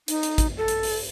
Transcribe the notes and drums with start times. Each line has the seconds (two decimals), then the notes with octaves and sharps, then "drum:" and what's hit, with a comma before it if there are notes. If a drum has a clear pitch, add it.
0.08 D#4, drum: hi-hat
0.23 drum: hi-hat
0.38 drum: kick, hi-hat
0.57 A4
0.68 drum: hi-hat
0.83 drum: open hi-hat